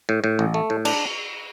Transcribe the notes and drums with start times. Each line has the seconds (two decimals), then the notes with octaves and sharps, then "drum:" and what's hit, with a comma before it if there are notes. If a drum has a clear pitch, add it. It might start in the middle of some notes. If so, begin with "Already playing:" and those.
0.09 A2
0.24 A2
0.39 A1
0.54 A3
0.70 A2
0.85 D4, drum: cymbal